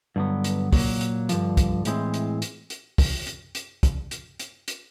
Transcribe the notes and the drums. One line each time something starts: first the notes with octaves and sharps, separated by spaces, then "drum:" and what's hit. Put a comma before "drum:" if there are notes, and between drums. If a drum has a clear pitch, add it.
G2 D3 F#3 B3
drum: hi-hat
A#2 F#3 A#3, drum: kick, open hi-hat
drum: hi-hat
G2 D3 F3, drum: hi-hat
drum: kick, hi-hat
A2 E3 G#3 C4, drum: hi-hat
drum: hi-hat
drum: hi-hat
drum: hi-hat
drum: kick, open hi-hat
drum: hi-hat
drum: hi-hat
drum: kick, hi-hat
drum: hi-hat
drum: hi-hat
drum: hi-hat